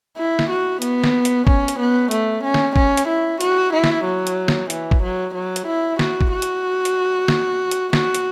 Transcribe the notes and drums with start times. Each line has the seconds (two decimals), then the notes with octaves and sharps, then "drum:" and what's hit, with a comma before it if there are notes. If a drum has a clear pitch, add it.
0.17 E4
0.39 drum: snare
0.50 F#4
0.82 B3, drum: hi-hat
1.04 drum: snare
1.25 drum: hi-hat
1.47 C#4, drum: kick
1.68 drum: hi-hat
1.79 B3
2.11 A3, drum: hi-hat
2.43 C#4
2.54 drum: snare
2.76 C#4, drum: kick
2.97 drum: hi-hat
3.08 E4
3.41 F#4, drum: hi-hat
3.73 E4
3.84 drum: snare
4.05 F#3
4.27 drum: hi-hat
4.48 drum: snare
4.70 E3, drum: hi-hat
4.91 drum: kick
5.02 F#3
5.34 F#3
5.56 drum: hi-hat
5.67 E4
5.99 F#4, drum: snare
6.21 drum: kick
6.31 F#4
6.42 drum: hi-hat
6.85 drum: hi-hat
7.28 drum: snare
7.71 drum: hi-hat
7.93 F#4, drum: snare
8.15 drum: hi-hat